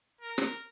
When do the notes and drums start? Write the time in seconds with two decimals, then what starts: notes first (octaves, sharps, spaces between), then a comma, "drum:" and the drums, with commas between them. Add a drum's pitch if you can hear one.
0.21 A#4
0.38 drum: rim click